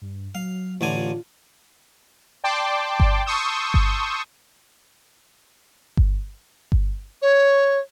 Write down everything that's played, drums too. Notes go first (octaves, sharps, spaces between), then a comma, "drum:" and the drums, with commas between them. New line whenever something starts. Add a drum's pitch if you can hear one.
G2
F#3 F5
A1 D3 E4 G#5
F4
D5 G5 A5 C6 D6
drum: kick G1
A5 C6 C#6 D#6 E6 G6
drum: kick G1
drum: kick G1
drum: kick G1
C#5